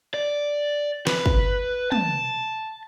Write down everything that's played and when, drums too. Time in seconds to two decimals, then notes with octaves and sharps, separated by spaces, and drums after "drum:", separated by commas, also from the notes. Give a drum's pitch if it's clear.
0.14 D5
1.07 B4, drum: snare
1.26 drum: kick
1.92 A5, drum: tom